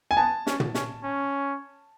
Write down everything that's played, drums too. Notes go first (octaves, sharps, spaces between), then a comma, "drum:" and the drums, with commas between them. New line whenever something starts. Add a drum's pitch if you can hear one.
G#5
B3 A5
C#4, drum: snare
drum: tom
C#4, drum: snare
C#4